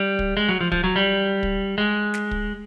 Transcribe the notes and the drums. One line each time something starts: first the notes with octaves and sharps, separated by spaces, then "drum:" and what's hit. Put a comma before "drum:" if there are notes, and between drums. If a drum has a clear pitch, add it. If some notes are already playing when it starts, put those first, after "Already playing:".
Already playing: G3
drum: kick
G#3
F#3
F3
F3, drum: kick
F#3
G3
drum: kick
G#3
drum: snare
drum: kick